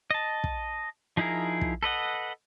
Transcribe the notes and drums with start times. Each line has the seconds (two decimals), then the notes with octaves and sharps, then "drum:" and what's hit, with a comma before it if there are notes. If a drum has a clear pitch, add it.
0.11 D#5 A5
0.44 drum: kick
1.17 F3 D#4 E4 G#4 A#4
1.61 drum: kick
1.83 A4 B4 D#5 F#5